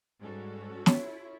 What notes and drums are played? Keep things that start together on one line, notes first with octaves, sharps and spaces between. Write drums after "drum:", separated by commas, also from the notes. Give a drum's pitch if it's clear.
G#2 G3 C#4 F#4 A4
E4 F4 C#5, drum: snare